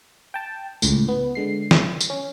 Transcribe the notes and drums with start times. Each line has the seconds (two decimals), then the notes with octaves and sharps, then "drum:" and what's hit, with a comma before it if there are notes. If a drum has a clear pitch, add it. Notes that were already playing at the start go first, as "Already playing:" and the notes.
0.34 G5 A5
0.82 C#2 A2, drum: tambourine
1.08 B3
1.35 D3 G#3 C7
1.71 drum: snare
2.01 drum: tambourine
2.10 C#4